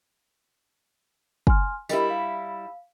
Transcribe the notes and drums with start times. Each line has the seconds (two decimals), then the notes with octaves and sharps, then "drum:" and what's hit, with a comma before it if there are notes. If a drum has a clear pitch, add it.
1.47 G#5 C6 F6, drum: kick
1.89 G3 E4 G4 A#4 D#5, drum: tambourine
2.10 F5